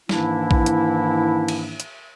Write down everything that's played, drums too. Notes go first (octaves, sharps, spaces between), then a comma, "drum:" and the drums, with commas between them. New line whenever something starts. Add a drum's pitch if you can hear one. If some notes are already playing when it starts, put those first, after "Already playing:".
G#2 D#3 E3 A#3 D4 E4, drum: snare
drum: kick A#1
drum: hi-hat
drum: cymbal
drum: hi-hat